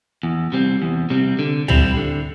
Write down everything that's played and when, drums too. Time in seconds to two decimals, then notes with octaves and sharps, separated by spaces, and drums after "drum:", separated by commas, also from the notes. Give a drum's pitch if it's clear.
0.23 E2
0.52 C3 G3 C4
0.82 E2
1.10 C3 G3 C4
1.39 D3
1.68 G3 C4 E4, drum: tom
1.97 D3